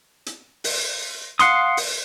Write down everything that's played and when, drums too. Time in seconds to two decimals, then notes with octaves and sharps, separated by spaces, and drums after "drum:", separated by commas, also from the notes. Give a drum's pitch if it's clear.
0.26 drum: hi-hat
0.64 drum: open hi-hat
1.39 F5 F#5 C6 D#6, drum: hi-hat
1.77 drum: open hi-hat